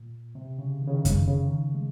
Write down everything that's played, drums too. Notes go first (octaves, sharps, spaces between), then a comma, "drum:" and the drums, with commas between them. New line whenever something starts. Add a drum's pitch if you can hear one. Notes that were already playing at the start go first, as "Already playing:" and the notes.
Already playing: A#2
C3
C#3
D#3
C#3
D#3
C#3, drum: kick F#2, hi-hat
C3
C#3
D#3
G#3